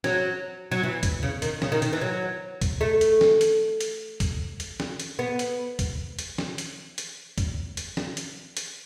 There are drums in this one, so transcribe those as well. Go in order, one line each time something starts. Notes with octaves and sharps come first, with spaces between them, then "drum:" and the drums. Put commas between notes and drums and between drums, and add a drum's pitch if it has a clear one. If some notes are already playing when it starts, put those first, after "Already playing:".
F#3, drum: snare
F#3
E3
drum: kick, hi-hat
C#3
D#3, drum: hi-hat
C#3, drum: snare
D#3
D#3, drum: hi-hat
E3
F#3
drum: kick, hi-hat
A3
drum: hi-hat
drum: snare
drum: hi-hat
drum: hi-hat
drum: kick, hi-hat
drum: hi-hat
drum: snare
drum: hi-hat
B3
drum: hi-hat
drum: kick, hi-hat
drum: hi-hat
drum: snare
drum: hi-hat
drum: hi-hat
drum: kick, hi-hat
drum: hi-hat
drum: snare
drum: hi-hat
drum: hi-hat